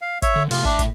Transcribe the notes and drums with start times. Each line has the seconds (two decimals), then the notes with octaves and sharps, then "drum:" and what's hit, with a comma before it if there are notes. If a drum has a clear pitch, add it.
0.02 F5
0.22 C#5 E5, drum: kick, hi-hat
0.36 D3
0.51 A2 C3 A3 F4, drum: open hi-hat
0.65 A2 D4 E5, drum: kick
0.79 drum: kick, hi-hat